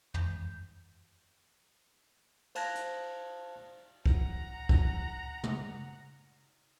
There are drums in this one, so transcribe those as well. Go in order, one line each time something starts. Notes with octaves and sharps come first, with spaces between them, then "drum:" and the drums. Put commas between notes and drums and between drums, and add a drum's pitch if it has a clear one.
G6, drum: tom
C5 F5 A5 F#6 G#6 A#6, drum: cymbal
drum: hi-hat
F#5 A#5, drum: kick
drum: kick
drum: tom